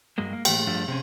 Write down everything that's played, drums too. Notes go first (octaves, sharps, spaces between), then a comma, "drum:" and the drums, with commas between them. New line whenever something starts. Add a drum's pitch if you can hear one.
G2 F#3 G#3 A#3
A#3
A2 E3 A3 A#3 G5, drum: cymbal
G2 F3 A3 D4 F4 F#4
C3 C4 C#4